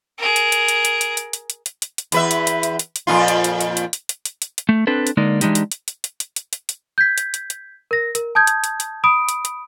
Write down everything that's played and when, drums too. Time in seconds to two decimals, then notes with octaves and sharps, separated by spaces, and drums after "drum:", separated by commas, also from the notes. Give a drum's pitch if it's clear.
0.18 G#4 A#4
0.36 drum: hi-hat
0.52 drum: hi-hat
0.68 drum: hi-hat
0.85 drum: hi-hat
1.01 drum: hi-hat
1.17 drum: hi-hat
1.33 drum: hi-hat
1.50 drum: hi-hat
1.66 drum: hi-hat
1.82 drum: hi-hat
1.98 drum: hi-hat
2.12 E2 B4 E5, drum: hi-hat
2.31 drum: hi-hat
2.47 drum: hi-hat
2.63 drum: hi-hat
2.79 drum: hi-hat
2.96 drum: hi-hat
3.07 F2 A#2 F4
3.28 drum: hi-hat
3.44 drum: hi-hat
3.61 drum: hi-hat
3.77 drum: hi-hat
3.93 drum: hi-hat
4.09 drum: hi-hat
4.25 drum: hi-hat
4.42 drum: hi-hat
4.58 drum: hi-hat
4.69 A3
4.87 C4 D4 A4 B4
5.07 drum: hi-hat
5.17 D3 G#3 A#3 D#4 D5
5.41 E3 G#3 D4 D#4 G4, drum: hi-hat
5.55 drum: hi-hat
5.72 drum: hi-hat
5.88 drum: hi-hat
6.04 drum: hi-hat
6.20 drum: hi-hat
6.36 drum: hi-hat
6.53 drum: hi-hat
6.69 drum: hi-hat
6.98 G6 G#6 B6
7.18 drum: hi-hat
7.34 drum: hi-hat
7.50 drum: hi-hat
7.91 A#4 A#6
8.15 A#4, drum: hi-hat
8.35 A5 D#6 G6 G#6
8.47 drum: hi-hat
8.64 drum: hi-hat
8.80 drum: hi-hat
9.04 B5 D#6 D7
9.29 drum: hi-hat
9.45 drum: hi-hat